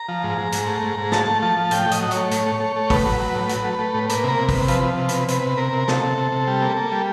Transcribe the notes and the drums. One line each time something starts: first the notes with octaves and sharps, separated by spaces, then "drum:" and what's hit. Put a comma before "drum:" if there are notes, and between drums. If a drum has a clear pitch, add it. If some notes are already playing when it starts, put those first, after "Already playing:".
Already playing: A#5
F3
G#2
G#2
G#2, drum: hi-hat
A3
G#2
G#2
A3 A5, drum: snare
A3
F3 A5
F3
A2 G5, drum: hi-hat
A2
D#5, drum: hi-hat
F#3
C#5, drum: hi-hat
A3
A2, drum: hi-hat
A3
A3
A3
A2 B4, drum: kick, open hi-hat
F#3
F#3
A2
F#3, drum: hi-hat
A3
A3
A2
A#3 B4, drum: hi-hat
C3 A#4
C3
B4, drum: kick, open hi-hat
C3
F3 B4, drum: hi-hat
F3
C3
B4, drum: hi-hat
C3
C3 B4, drum: hi-hat
C3
C3 A#4
C3
C3 A4, drum: snare
C3
C3
C3
G3
A#3
A#3
G3